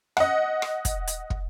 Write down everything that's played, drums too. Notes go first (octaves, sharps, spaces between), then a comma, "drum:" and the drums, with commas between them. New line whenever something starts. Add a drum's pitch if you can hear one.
D#5 F#5, drum: rim click
drum: rim click
drum: kick, hi-hat
drum: hi-hat
drum: kick